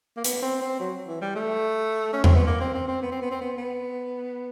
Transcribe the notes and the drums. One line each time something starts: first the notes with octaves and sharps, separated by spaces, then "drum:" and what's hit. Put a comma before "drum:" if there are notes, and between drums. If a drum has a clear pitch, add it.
A#3
B3, drum: hi-hat
C4
C4
F#3
E3
G3
A3
C#4
C4, drum: tom E2
B3
A#3
C4
C4
C4
B3
C4
B3
C4
B3
B3